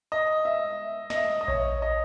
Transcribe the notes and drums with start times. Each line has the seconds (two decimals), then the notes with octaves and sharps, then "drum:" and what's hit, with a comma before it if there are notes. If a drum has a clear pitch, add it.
0.12 D#5
0.45 E5
1.10 D#5, drum: snare
1.15 E5
1.41 D#5
1.48 C#5, drum: kick A#1
1.82 D#5